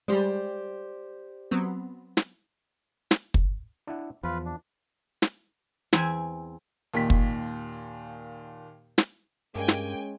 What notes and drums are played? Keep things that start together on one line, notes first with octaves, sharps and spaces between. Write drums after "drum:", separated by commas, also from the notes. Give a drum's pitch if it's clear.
G3 G#3 G4 C5 D5
F#3 B3 C4
drum: snare
drum: snare
drum: kick
D4 E4 F#5
E2 F3 F4 B4
D4
drum: snare
E2 C4 E5 G#5, drum: snare
D#2 A#2 D#3 B6
drum: kick
drum: snare
G2 G#3 A#3 C#4 G5 G#5
drum: snare